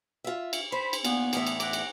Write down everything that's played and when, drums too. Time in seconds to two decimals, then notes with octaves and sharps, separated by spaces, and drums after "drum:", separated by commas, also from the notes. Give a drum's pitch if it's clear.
0.24 F4 E5
0.53 drum: cymbal
0.72 C5 B5
0.93 drum: cymbal
1.05 A#2 B3, drum: cymbal
1.33 E2 A2 E5, drum: cymbal
1.47 drum: cymbal
1.60 F#5 A#5 D6, drum: cymbal
1.73 drum: cymbal